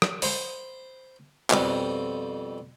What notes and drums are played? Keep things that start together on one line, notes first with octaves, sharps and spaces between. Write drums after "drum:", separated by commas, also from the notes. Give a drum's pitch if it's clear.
drum: rim click
C5 B5, drum: open hi-hat
F2 B2 G3, drum: clap